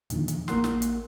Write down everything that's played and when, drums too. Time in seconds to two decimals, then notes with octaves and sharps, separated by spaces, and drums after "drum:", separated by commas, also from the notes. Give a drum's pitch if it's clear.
0.10 E2 A#2 D3 D#3 F3, drum: hi-hat
0.28 drum: hi-hat
0.48 A1 A#3 A#4 F#5 C6, drum: snare
0.64 drum: snare
0.82 drum: hi-hat